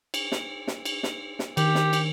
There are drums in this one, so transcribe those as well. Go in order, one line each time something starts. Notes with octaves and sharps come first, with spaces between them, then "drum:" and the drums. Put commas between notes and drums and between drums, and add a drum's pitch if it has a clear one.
drum: cymbal
drum: snare
drum: snare
drum: cymbal
drum: snare
drum: snare
D#3 G4, drum: cymbal
drum: snare
drum: cymbal